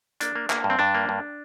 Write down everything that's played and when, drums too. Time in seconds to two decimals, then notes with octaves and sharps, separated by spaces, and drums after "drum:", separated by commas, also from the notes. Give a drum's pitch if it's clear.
0.20 A#3 D4, drum: hi-hat
0.35 A#3
0.50 A#3, drum: clap
0.64 G2
0.70 C4
0.79 G2 D4
0.94 A#3
1.09 G2